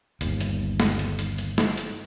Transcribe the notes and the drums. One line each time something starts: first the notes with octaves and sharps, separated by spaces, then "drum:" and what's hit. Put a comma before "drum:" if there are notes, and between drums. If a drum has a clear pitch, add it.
G1 D#2, drum: hi-hat
drum: hi-hat
drum: snare
drum: hi-hat
drum: hi-hat
drum: hi-hat
drum: snare
drum: hi-hat